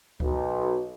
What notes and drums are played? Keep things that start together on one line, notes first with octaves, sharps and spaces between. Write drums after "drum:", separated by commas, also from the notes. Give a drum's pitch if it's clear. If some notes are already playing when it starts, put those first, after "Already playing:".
B1, drum: kick C#2